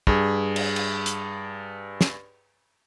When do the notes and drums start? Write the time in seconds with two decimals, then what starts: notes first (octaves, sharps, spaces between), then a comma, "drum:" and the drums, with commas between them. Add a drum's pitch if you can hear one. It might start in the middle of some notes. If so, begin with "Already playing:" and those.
0.07 G2 G#4, drum: kick
0.56 drum: cymbal
0.76 drum: cymbal
1.06 drum: hi-hat
2.01 drum: snare